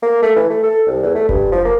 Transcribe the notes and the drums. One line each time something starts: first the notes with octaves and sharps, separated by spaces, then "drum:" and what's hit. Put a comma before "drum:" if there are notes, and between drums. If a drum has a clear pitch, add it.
A#3
A3
E3
A3
A4
C2
E2
A3
G2, drum: kick F1
F3
A#3